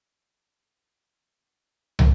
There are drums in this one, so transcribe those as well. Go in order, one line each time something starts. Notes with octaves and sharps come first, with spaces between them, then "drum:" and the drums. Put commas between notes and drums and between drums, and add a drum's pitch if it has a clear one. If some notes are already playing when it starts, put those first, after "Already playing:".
Already playing: A#3 C4 G5
C4
A#3
C4
D4 F#5
D#5
drum: tom